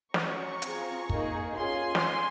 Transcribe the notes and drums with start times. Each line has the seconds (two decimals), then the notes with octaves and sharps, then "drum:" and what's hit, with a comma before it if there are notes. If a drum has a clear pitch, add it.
0.14 C#4 F#4 A#5 C#6, drum: snare
0.62 C4 F4 G#4, drum: hi-hat
1.09 A#3 D#4 G#4, drum: kick
1.57 C#4 F4 G#4 G#5 C6
1.95 drum: snare